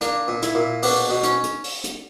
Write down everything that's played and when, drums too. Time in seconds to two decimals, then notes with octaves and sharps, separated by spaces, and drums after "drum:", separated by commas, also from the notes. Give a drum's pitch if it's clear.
0.01 A#3 D4, drum: hi-hat
0.28 A#2
0.42 E4, drum: hi-hat
0.55 A#2
0.83 B2 D4, drum: open hi-hat
1.10 B2
1.23 C#4, drum: hi-hat
1.43 drum: hi-hat
1.64 drum: open hi-hat
1.84 drum: hi-hat